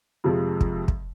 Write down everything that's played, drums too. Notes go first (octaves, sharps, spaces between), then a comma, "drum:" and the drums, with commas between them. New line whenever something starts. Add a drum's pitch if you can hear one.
F2 C3 F3 G#3
drum: kick
drum: kick